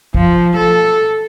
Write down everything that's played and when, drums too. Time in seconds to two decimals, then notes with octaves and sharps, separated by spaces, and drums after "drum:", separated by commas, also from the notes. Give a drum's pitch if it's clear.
0.15 F3, drum: kick
0.56 A4